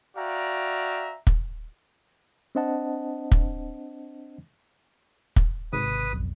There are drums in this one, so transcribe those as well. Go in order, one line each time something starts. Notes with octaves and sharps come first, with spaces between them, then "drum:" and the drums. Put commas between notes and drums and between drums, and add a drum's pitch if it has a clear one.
F#4 D5 E5 F5 G5 A#5
drum: kick
C4 D4 C5 D#5 F#5 A5
drum: kick
drum: kick
G#1 C3 B4 D#6
B1 F2